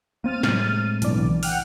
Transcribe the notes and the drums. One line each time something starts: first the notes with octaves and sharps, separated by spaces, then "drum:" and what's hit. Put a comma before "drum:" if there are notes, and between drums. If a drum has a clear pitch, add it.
A#3 C4 F6 A6 D#7
A2 C3 G#3, drum: snare
B1 D3 E3 D5, drum: hi-hat
F#5 G5 F6 F#6, drum: open hi-hat